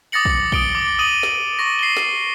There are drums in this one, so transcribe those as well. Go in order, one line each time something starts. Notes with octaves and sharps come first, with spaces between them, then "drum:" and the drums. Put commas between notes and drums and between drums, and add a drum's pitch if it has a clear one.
D6 D#6 A6 A#6 C#7 F#7
drum: kick
D#6 D7 G7, drum: kick
D6
D#6 D#7 F#7
drum: snare
C#6 A#6
C7 G7
drum: snare